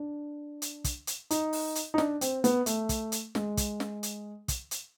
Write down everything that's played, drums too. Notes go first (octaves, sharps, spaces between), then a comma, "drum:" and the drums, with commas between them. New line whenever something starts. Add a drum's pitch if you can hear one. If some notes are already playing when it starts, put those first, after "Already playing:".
Already playing: D4
drum: hi-hat
drum: kick, hi-hat
drum: hi-hat
D#4, drum: hi-hat
drum: open hi-hat
drum: hi-hat
D#4
D4, drum: snare
C4, drum: hi-hat
B3, drum: hi-hat
A3, drum: hi-hat
drum: kick, hi-hat
drum: hi-hat
G#3, drum: snare
drum: kick, hi-hat
drum: snare
drum: hi-hat
drum: kick, hi-hat
drum: hi-hat